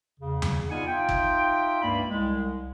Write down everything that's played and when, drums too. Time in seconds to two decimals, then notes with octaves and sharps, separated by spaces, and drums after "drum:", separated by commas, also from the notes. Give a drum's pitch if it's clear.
0.20 E2 C#3
0.42 drum: tom E2
0.70 B3 D#4 F4 D5 F#5 G#5
0.87 D#4 F4 E5 G5
1.09 drum: kick G1
1.83 C#2 G2 A#3 D5 B5
2.09 C2 G#3